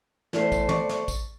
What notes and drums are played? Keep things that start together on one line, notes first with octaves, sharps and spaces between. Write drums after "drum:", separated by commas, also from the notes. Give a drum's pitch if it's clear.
E2 E3 A3 C5, drum: snare
drum: kick A1, tambourine
D5 C#6, drum: tom
drum: snare
drum: kick A1, tambourine